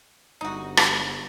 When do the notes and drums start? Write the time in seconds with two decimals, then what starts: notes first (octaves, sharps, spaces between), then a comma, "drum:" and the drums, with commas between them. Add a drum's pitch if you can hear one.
0.41 G1 D#4 F#4
0.77 drum: rim click